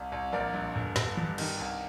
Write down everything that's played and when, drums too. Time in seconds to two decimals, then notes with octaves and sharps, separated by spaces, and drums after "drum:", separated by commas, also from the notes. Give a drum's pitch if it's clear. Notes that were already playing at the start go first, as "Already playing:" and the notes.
Already playing: C2
0.12 C2
0.32 A#1 A#4 D5
0.54 A#1
0.75 G1
0.96 G1, drum: snare
1.17 G2, drum: tom D#3
1.38 D#3, drum: cymbal
1.60 C2